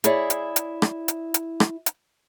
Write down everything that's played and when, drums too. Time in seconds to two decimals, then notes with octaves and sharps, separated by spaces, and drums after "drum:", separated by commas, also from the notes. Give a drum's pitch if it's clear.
0.04 E4 G#4 C#5 D5 E5, drum: hi-hat
0.30 drum: hi-hat
0.56 drum: hi-hat
0.82 drum: rim click
1.08 drum: hi-hat
1.34 drum: hi-hat
1.60 drum: rim click
1.86 drum: hi-hat